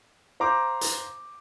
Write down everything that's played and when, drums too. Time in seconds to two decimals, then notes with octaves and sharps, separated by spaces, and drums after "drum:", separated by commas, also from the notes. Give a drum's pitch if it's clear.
0.40 C5 F5 A#5 D6
0.81 drum: hi-hat